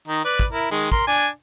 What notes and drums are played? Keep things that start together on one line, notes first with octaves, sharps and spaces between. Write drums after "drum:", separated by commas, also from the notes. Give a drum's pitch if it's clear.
D#3 D#4
B4 D5
drum: kick
E4 A#4
D#3 G#3
A#4 C6, drum: kick
D4 G#5